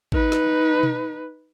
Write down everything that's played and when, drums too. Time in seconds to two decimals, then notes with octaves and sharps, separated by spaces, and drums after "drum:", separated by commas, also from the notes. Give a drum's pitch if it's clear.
0.12 D#4 B4, drum: kick A1
0.32 drum: snare
0.83 drum: tom B2